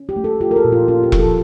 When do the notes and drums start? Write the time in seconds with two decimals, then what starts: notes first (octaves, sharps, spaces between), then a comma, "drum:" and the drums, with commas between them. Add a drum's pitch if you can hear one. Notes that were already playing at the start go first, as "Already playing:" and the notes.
Already playing: C#4
0.09 G4
0.16 A3
0.24 A4
0.41 F4 G4
0.51 A#4
0.56 A4
0.64 A#2
0.72 F4
0.88 C#4 F4
1.03 G4
1.12 F3, drum: kick E1
1.20 A4